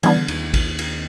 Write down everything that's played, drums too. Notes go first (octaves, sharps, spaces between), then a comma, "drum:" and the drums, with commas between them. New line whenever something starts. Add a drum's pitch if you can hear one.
D#3 E3 G3 B3 D4, drum: cymbal
D3
D#2 D#3, drum: cymbal
drum: kick, cymbal
drum: cymbal